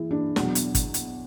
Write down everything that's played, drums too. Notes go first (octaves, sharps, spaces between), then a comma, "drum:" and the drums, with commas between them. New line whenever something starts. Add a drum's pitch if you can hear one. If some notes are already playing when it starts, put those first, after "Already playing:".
Already playing: E3 E4 G#4
D4
E2 B2 F#3, drum: snare
drum: hi-hat
drum: kick, hi-hat
drum: hi-hat